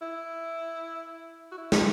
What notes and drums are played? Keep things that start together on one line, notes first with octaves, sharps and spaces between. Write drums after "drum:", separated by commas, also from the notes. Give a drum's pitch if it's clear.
E4
F#4
E4
drum: snare